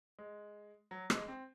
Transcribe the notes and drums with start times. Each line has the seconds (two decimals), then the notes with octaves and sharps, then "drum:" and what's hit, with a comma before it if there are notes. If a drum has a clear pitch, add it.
0.19 G#3
0.91 F#3
1.10 G#3, drum: rim click
1.28 C4